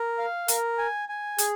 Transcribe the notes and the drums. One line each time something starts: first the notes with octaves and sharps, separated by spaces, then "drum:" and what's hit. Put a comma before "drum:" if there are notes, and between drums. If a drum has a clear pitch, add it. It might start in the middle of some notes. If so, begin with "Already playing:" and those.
Already playing: A#4
F5
A#4, drum: hi-hat
G#5
G#5
G#4, drum: hi-hat